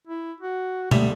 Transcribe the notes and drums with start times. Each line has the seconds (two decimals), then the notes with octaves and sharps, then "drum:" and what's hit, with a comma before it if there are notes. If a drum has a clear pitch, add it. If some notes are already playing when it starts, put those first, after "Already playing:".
0.07 E4
0.40 F#4
0.91 D3 G3 A3 E5, drum: tom B2